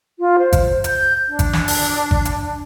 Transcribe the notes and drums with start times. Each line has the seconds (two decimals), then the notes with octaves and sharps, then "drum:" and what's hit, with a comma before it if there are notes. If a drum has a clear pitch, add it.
0.19 F4
0.38 C5
0.53 drum: kick G#1, hi-hat
0.84 G6, drum: hi-hat
1.28 D4
1.39 drum: kick G#1, hi-hat
1.53 drum: snare
1.68 drum: open hi-hat
2.11 drum: kick G#1
2.25 drum: hi-hat